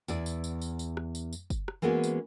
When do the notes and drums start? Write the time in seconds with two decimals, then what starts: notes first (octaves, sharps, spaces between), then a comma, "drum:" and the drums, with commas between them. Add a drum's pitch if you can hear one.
0.08 E2 E4 D5, drum: tambourine
0.26 drum: tambourine
0.44 drum: tambourine
0.62 drum: tambourine
0.79 drum: tambourine
0.97 drum: rim click
1.15 drum: tambourine
1.33 drum: tambourine
1.50 drum: kick, tambourine
1.68 drum: rim click
1.82 E3 G#3 A#3 B3 C#4 F#4
2.04 drum: tambourine